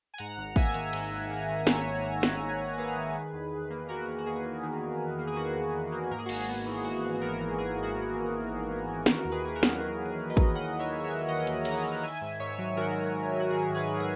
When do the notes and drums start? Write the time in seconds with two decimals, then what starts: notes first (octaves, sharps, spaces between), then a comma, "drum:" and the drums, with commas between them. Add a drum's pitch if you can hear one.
0.14 G#5
0.18 G#2 F#5 A#5, drum: hi-hat
0.37 G#1
0.56 A#3 E5 G#5, drum: kick
0.74 D#3, drum: hi-hat
0.93 G#2, drum: cymbal
1.12 G#1
1.30 A#3
1.48 D#3
1.67 G#2 C#5 E5, drum: snare
1.86 G#1
2.03 A#3
2.23 D#3, drum: snare
2.41 G#2
2.59 G#1
2.77 A#3 G#4 B4
2.96 D#3
3.15 D#3
3.33 E2
3.52 E2
3.70 A#3
3.89 D#3 F#4 A#4
4.07 E2
4.19 F#4
4.26 E2 G#4
4.45 A#3
4.63 D#3
4.81 E2
5.00 E2
5.19 A#3
5.27 G#4
5.36 D#3 F#4
5.56 E2
5.73 E2
5.92 A#3
6.11 G#2 A#4
6.19 G#4
6.26 F#4
6.29 G#1 G#4, drum: cymbal
6.48 B3
6.66 E3
6.84 G#2 F#4
7.04 G#1
7.21 B3 F#4 A#4
7.40 E3
7.59 G#2 G#4
7.78 G#1
7.83 F#4
7.96 B3
8.14 E3
8.32 G#2
8.52 G#1
8.70 B3
8.88 E3
9.06 D#3 F#4 A#4, drum: snare
9.25 D#2
9.31 G#4 B4
9.44 A#3 G#4
9.55 F#4 A#4
9.63 F#3, drum: snare
9.80 D#3 G#4
9.99 D#2
10.05 G#4
10.18 A#3
10.30 B4 D#5
10.37 F#3, drum: kick
10.55 D#3 D#5 F#5
10.73 D#2
10.79 C#5 E5
10.92 A#3
11.04 C#5 E5
11.10 F#3
11.28 D#3 D#5 F#5
11.47 D#2, drum: hi-hat
11.65 A#3 F#5 A#5, drum: cymbal
11.84 F#3
12.02 D#3 E5 G#5
12.21 G#2
12.40 G#2 C#5 E5
12.58 F#3
12.77 D#3 F#4 A#4
12.96 G#2
13.14 G#2
13.32 F#3
13.40 F#4
13.50 D#3 G#4
13.70 G#2
13.75 G#4 B4
13.88 G#2
14.00 G#4